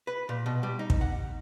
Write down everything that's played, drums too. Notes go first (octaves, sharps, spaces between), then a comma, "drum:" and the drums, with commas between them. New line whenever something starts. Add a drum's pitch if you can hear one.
B4
A#2
B2
G3
D#4
drum: kick
F#5